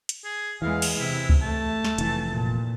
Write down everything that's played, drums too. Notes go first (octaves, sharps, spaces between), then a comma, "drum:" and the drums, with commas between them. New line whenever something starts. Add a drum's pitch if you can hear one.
drum: hi-hat
G#4
E2 E3 G#3 F5
drum: cymbal
C3 E4
drum: kick C#2
A3 A5
drum: snare
F1 E3, drum: hi-hat
A#2